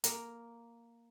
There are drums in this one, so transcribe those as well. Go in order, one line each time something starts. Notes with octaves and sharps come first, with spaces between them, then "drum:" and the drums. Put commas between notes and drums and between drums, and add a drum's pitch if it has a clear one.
A#3 A#4, drum: hi-hat